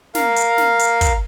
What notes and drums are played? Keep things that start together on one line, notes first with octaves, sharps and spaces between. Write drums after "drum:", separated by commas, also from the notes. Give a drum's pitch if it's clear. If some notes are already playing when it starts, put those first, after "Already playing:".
A#4 F5, drum: snare
drum: hi-hat
drum: snare
drum: hi-hat
drum: kick, hi-hat